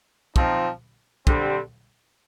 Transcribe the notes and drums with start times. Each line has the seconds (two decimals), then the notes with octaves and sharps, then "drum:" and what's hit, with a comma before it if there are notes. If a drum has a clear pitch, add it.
0.36 F3 C4 D#4, drum: kick
1.27 D3 G3 C4, drum: kick